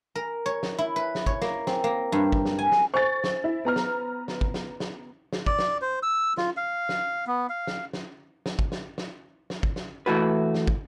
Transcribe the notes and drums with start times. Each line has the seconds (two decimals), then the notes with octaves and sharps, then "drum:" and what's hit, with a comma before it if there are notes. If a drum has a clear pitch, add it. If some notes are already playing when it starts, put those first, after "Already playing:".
0.15 A#4
0.46 C#5
0.63 drum: snare
0.78 E4
0.96 B4
1.15 drum: snare
1.26 C#5, drum: kick
1.42 A#3, drum: snare
1.67 C4, drum: snare
1.84 A#3
2.12 G2
2.32 drum: kick
2.46 drum: snare
2.59 G#5
2.72 drum: snare
2.94 C5 G#5 C#6 A6
3.24 drum: snare
3.44 E4
3.65 B3 A#5 F6
3.76 drum: snare
4.28 drum: snare
4.41 drum: kick
4.54 drum: snare
4.80 drum: snare
5.33 drum: snare
5.46 D5, drum: kick
5.59 drum: snare
5.82 C5
6.03 E6
6.37 F4, drum: snare
6.57 F5
6.89 drum: snare
7.27 B3
7.50 F5
7.67 drum: snare
7.93 drum: snare
8.46 drum: snare
8.59 drum: kick
8.72 drum: snare
8.98 drum: snare
9.50 drum: snare
9.63 drum: kick
9.76 drum: snare
10.06 E3 A3 F#4 B4
10.54 drum: snare
10.67 drum: kick